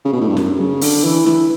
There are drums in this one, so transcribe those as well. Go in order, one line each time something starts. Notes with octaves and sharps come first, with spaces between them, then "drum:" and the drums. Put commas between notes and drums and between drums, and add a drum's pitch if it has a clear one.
C#3
B2
A2
G2
F#2, drum: snare
C#3
D3, drum: open hi-hat
E3
E3, drum: snare